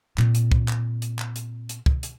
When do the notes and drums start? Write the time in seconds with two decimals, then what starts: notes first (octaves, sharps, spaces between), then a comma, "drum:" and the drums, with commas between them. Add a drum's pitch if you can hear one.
0.18 A#2 C4, drum: clap
0.35 drum: hi-hat
0.52 drum: kick
0.68 drum: clap
1.02 drum: hi-hat
1.19 drum: clap
1.36 drum: hi-hat
1.69 drum: hi-hat
1.86 drum: kick
2.03 drum: hi-hat